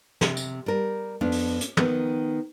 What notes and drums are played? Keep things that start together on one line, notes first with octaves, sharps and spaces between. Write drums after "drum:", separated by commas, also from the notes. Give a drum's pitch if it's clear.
C3, drum: snare
drum: tambourine
G3 A#4
F2 B3 D4
drum: open hi-hat
drum: hi-hat
D#3 B3, drum: tom